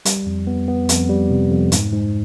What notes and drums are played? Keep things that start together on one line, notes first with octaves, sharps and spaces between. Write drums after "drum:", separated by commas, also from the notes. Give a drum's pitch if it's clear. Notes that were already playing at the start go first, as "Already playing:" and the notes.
G3, drum: hi-hat
F2
B3
B3
F2, drum: hi-hat
G3
C3
F2
G#2, drum: hi-hat
G#2